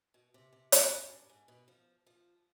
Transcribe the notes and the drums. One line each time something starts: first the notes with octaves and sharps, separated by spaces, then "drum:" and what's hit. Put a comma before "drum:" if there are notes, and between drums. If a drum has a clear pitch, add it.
B2
C3
C3
B2, drum: hi-hat
F#2
G2
G#2
B2
F3
F3